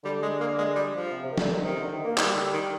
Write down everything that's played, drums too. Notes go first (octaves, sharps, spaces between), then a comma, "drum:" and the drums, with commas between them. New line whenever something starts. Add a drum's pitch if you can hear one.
D3 G3
G#3
A#3
G#3
G3
F3
C3
C3
D#3
D3, drum: snare
D#3
C3 D#3
D3
D#3
A#3
D#3 G3, drum: clap
D3
D#3